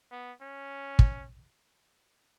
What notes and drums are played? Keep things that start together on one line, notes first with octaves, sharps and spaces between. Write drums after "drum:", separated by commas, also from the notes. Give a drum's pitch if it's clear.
B3
C#4
drum: kick